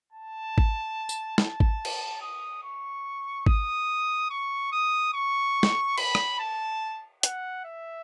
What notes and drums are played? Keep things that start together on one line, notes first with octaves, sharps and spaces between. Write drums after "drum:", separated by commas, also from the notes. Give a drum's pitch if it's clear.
A5
drum: kick G#1
drum: tambourine
A5, drum: snare
drum: kick G#1
drum: cymbal
D#6
C#6
D#6, drum: kick G#1
C#6
D#6
C#6
drum: snare
B5, drum: cymbal
drum: rim click
A5
F#5, drum: hi-hat
E5